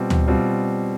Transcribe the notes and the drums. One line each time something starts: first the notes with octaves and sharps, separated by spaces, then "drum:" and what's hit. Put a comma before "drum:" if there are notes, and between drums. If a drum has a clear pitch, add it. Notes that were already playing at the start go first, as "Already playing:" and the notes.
Already playing: B2 G3 C4 F4
drum: tom D2
B2 G3 C4 F4